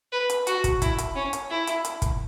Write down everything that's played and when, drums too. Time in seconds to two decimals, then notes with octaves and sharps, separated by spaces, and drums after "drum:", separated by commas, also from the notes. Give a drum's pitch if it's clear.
0.12 B4
0.30 drum: hi-hat
0.47 F#4, drum: hi-hat
0.64 drum: kick, hi-hat
0.82 E4, drum: kick, hi-hat
0.98 drum: hi-hat
1.15 C#4
1.33 drum: hi-hat
1.50 E4
1.67 drum: hi-hat
1.85 drum: hi-hat
2.02 drum: kick, hi-hat